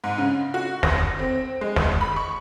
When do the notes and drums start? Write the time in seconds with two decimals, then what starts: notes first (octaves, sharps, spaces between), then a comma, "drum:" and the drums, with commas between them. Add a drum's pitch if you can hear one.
0.04 G#2
0.18 C#3
0.54 F#4
0.83 A#6, drum: snare
1.19 C4
1.61 G#3
1.76 drum: snare
2.01 B5
2.16 C#6